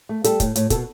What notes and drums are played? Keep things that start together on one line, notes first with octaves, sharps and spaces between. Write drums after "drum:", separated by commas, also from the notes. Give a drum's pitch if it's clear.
A3
G3 A4, drum: hi-hat
A2, drum: kick, hi-hat
A2, drum: hi-hat
B2 A4, drum: kick, hi-hat